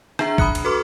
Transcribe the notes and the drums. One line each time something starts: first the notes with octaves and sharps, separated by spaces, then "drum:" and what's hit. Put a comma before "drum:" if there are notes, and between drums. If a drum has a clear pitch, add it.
D4 G#4 E5 A#5 C7, drum: rim click
B5 D#6 F#6 C#7, drum: kick
drum: cymbal
F#4 A4 B4 C6 D6 F6